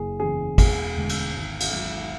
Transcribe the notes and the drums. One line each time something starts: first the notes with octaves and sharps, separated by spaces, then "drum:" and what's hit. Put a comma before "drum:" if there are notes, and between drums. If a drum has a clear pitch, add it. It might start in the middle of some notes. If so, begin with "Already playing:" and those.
Already playing: F#1 G#4
E2 C#3 G#4
E1 G#4, drum: kick, cymbal
D2 D3 G#3
drum: cymbal
G#1
drum: cymbal
G#2 F#3